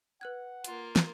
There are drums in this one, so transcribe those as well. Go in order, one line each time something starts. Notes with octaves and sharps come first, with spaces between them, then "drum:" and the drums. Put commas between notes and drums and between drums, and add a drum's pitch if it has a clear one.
B4 F#5 F#6 G#6
A#3 F4, drum: hi-hat
drum: snare